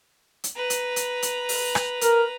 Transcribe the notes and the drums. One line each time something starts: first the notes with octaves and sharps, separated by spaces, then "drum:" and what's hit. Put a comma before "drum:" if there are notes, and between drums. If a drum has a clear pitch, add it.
drum: hi-hat
B4 A#5
drum: hi-hat
drum: hi-hat
drum: hi-hat
drum: open hi-hat
drum: rim click
A#4, drum: hi-hat